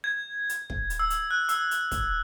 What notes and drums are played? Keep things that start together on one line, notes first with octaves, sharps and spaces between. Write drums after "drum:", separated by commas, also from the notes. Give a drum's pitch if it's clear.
G#6
drum: hi-hat
drum: kick
drum: hi-hat
E6
drum: hi-hat
F#6
E6, drum: hi-hat
drum: hi-hat
drum: kick, hi-hat